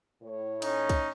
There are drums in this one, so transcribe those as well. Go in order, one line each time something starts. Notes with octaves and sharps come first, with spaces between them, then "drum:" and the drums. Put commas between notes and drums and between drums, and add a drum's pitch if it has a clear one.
A2 C#5
C#4 D#4, drum: cymbal
drum: kick, cymbal